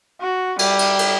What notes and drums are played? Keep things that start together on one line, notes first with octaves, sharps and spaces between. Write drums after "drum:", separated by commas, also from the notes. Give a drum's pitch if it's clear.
F#4
G3, drum: cymbal
drum: cymbal
drum: cymbal